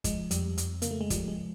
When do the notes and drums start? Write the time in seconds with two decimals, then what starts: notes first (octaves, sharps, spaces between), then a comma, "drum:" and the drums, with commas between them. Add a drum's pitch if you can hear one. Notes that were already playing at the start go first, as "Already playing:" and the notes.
0.04 F3 G#3, drum: kick, hi-hat
0.31 F2 G3, drum: hi-hat
0.58 F2, drum: hi-hat
0.82 C#3 A#3, drum: hi-hat
0.91 A3
1.01 G#3
1.10 F3 G3, drum: kick, hi-hat
1.28 G#3